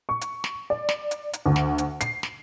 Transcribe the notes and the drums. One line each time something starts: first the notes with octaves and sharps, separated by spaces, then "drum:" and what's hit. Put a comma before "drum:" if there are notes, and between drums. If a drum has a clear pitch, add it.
C#6
drum: hi-hat
drum: snare
D5
drum: snare
drum: hi-hat
drum: hi-hat
D2
drum: snare
drum: hi-hat
C7, drum: hi-hat
drum: snare